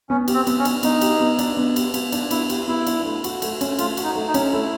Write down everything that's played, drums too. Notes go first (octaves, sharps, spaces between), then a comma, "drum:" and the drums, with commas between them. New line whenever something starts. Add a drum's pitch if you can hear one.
B3 C#4
G4, drum: cymbal
C4
B3, drum: cymbal
C#4
D4, drum: cymbal
B3 D#4, drum: cymbal
G4, drum: cymbal
B3
D4, drum: cymbal
B3
G4, drum: cymbal
B3, drum: cymbal
D4, drum: cymbal
B3 E4, drum: cymbal
G4, drum: cymbal
B3 E4
D4, drum: cymbal
A3
F#4, drum: cymbal
A3, drum: cymbal
C#4, drum: cymbal
A3 F4, drum: cymbal
F#4, drum: cymbal
D#4
A3
D#4
C#4, drum: cymbal
A3 E4